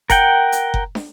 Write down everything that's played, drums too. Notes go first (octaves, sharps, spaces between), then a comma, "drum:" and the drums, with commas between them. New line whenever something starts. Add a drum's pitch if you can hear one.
A#4 F#5 G5, drum: kick F#1, hi-hat
drum: hi-hat
drum: kick F#1
drum: snare